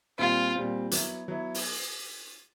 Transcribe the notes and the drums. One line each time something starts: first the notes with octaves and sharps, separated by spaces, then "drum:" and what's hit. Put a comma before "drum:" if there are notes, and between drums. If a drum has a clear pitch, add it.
A#2 G3 C4 F4
A#2 G3 C4
F#3 B3 E4, drum: hi-hat
F#3 B3 E4
drum: open hi-hat